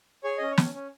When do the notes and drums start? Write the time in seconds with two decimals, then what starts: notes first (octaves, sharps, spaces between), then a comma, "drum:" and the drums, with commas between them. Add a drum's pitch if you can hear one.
0.24 G#4 C#5
0.38 C#4 D#5
0.51 C#5
0.58 C#4, drum: snare
0.74 C#4